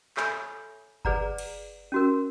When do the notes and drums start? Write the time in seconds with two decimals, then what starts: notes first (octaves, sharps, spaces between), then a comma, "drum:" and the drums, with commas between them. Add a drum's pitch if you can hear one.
0.17 A4 C#5 E5 G#5 B5, drum: clap
1.05 G#4 B4 D5 F#5 A#5, drum: kick G1
1.38 drum: cymbal
1.92 C#4 F#4 A#4